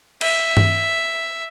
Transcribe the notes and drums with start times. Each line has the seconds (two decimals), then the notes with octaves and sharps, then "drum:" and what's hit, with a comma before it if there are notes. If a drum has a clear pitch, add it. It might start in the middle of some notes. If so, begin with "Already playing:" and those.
0.21 E5, drum: cymbal
0.57 drum: tom G2